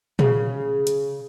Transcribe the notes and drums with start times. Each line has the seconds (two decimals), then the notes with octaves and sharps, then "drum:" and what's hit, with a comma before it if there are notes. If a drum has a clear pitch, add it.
0.19 C#3, drum: tom A#2
0.87 drum: hi-hat